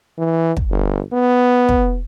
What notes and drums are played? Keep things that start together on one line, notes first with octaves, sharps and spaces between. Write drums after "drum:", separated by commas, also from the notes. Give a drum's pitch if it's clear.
E3
drum: kick
G1
B3
drum: kick